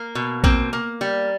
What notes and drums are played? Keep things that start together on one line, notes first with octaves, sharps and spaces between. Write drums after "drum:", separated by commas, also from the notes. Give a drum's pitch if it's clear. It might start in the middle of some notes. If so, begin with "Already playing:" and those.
Already playing: A#3
B2
A#3 C4, drum: kick A#1
A#3
G3